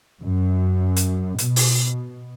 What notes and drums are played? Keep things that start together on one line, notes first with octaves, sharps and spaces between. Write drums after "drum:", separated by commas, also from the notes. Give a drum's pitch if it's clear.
F#2
drum: hi-hat
B2, drum: hi-hat
drum: open hi-hat